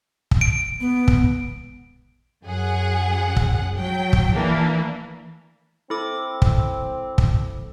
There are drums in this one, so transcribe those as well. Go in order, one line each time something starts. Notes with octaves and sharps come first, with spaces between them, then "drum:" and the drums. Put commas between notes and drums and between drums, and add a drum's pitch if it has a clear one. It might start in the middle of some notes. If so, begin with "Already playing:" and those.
drum: kick
D7
B3
drum: kick
F#2 G#4 F#5
drum: kick
F#3 G5
drum: kick
E3 A#3 D4
C4 E4 A4 D6
drum: kick
drum: kick